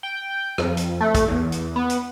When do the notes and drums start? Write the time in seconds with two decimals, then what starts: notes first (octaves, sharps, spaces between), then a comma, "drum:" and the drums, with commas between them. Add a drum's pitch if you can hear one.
0.03 G5
0.58 F2, drum: rim click
0.77 drum: hi-hat
1.01 A3
1.15 drum: kick, hi-hat
1.28 E2
1.52 drum: hi-hat
1.76 B3
1.90 drum: hi-hat